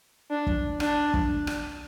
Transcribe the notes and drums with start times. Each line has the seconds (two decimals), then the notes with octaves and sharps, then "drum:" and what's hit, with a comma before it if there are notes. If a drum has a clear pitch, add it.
0.30 D4
0.47 drum: kick
0.80 D4, drum: rim click
1.14 drum: kick
1.47 drum: rim click